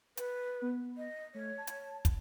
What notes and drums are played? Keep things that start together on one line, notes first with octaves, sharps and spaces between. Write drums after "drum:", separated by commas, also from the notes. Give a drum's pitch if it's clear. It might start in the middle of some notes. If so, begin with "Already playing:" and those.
B4, drum: hi-hat
B3
D#5
A3 C#5
A5
drum: hi-hat
drum: kick, hi-hat